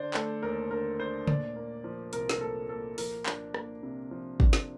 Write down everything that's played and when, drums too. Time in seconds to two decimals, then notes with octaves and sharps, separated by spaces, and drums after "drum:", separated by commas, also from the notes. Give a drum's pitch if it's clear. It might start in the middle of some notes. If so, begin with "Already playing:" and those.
Already playing: D3 D4 C5 D5
0.14 A3 A4, drum: clap
0.42 D#2 A#4
0.71 D3 A#4
0.99 D4 C5
1.27 A#2 D5, drum: tom C#3
1.56 A#3
1.84 F3
2.13 C2 A#4, drum: hi-hat
2.29 A#4, drum: snare
2.41 A#2 A4
2.69 A#3 A4
2.98 F3 A#4, drum: open hi-hat
3.26 D4, drum: clap
3.54 A#3, drum: rim click
3.83 C3
4.11 F3
4.40 D4, drum: kick
4.53 drum: snare